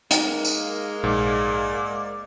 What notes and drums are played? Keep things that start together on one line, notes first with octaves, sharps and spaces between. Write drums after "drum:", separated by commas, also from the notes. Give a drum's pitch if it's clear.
G#3 A#3 D#4, drum: hi-hat
drum: tambourine
A#1 G#2 D5